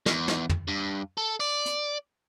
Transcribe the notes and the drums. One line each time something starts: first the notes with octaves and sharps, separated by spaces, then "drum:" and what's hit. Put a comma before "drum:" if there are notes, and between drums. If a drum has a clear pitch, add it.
E2, drum: snare
drum: snare
drum: tom
G2
A4
D5, drum: open hi-hat
drum: hi-hat